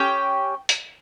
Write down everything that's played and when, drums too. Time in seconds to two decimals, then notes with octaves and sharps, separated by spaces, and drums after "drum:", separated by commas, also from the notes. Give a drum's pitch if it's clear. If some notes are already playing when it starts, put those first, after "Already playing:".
Already playing: C#4 G4 G5
0.69 drum: hi-hat